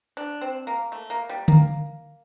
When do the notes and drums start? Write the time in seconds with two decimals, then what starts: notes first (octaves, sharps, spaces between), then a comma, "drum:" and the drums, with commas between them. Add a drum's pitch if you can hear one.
0.17 D4
0.41 C4
0.67 A#3
0.92 A3
1.10 A#3
1.30 G3
1.48 A#3, drum: tom D3